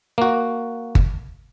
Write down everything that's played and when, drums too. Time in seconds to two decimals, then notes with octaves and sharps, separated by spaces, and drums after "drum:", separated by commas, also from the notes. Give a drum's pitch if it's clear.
0.18 A#3 F#4
0.95 drum: kick G1